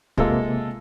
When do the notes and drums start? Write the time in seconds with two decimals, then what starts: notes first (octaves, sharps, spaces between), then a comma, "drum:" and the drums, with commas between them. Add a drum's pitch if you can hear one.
0.18 C3 G#3 A#3 F4 A4, drum: kick